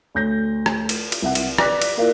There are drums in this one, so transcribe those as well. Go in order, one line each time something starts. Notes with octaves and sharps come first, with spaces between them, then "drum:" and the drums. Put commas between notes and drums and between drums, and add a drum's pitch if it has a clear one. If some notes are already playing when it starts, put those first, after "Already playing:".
D2 C#5 G6 A#6
drum: rim click
drum: cymbal
drum: cymbal
C2 E5 F#5
drum: cymbal
B4 D5 D6 F#6 A#6 B6, drum: rim click
drum: cymbal
A#3 E4 F4 A#4 D5 F5